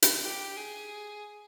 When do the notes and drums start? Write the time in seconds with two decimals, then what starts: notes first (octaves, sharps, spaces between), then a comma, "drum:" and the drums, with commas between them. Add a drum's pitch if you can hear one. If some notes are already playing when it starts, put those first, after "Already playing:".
0.02 drum: hi-hat
0.22 G4
0.56 G#4